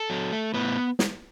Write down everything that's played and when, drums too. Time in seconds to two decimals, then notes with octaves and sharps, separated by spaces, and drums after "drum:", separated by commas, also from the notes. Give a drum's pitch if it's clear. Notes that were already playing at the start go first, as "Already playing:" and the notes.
Already playing: A4
0.10 F#3
0.32 A3
0.54 A2 B3 B4
0.99 drum: snare